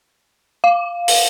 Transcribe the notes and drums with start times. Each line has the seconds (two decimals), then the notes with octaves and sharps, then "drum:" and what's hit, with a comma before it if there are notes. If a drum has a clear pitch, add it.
0.64 F5
1.08 drum: open hi-hat